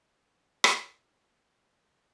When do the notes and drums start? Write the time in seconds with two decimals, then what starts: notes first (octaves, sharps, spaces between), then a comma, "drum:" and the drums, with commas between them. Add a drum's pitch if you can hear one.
0.09 E2 D5 A#5 C6
0.64 drum: rim click